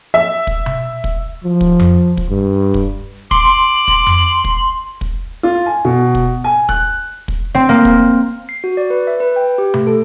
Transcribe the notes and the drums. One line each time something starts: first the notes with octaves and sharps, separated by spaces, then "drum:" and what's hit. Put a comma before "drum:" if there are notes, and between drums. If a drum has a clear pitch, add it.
E5
drum: kick
drum: tom B2
drum: kick
F3
drum: kick
drum: tom F2
drum: kick
G2
drum: kick
C6 D6 F#7, drum: kick
drum: kick
drum: tom F2
drum: kick
drum: kick
F4
G#5
B2
drum: kick
G#5
F#6, drum: kick
drum: kick
C4
A#3
drum: kick
C7
F#4
D5
B4
E5
B4
G5
G4
A3, drum: tom B2
A4